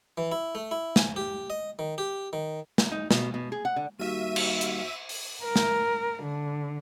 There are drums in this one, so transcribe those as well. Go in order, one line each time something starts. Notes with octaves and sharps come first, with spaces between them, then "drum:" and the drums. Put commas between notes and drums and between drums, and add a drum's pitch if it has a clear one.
E3
E4
A3
E4
G#5, drum: snare
G4
D#5
D#3
G4
D#3
F#3, drum: snare
D#4
B2, drum: snare
B2
G#4
F#5
D3
D#2 G3 F#4 E5 F5 D#7
drum: cymbal
drum: hi-hat
drum: open hi-hat
A#4
drum: snare
D3